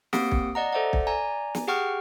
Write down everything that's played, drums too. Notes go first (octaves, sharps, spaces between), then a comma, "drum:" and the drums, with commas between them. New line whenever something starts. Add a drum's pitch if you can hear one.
A#3 C4 G4 F#5 D#6 D7, drum: snare
drum: kick
D5 D#5 F#5 A#5
A4 C5 D5 E5 F#5
drum: kick
D5 G#5 A#5
drum: snare
G4 G#4 F#5 G5 C#6 F6